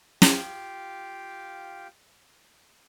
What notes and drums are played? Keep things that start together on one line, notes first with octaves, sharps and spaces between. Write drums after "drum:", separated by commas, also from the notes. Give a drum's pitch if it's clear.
F4 G4 F5 G5, drum: snare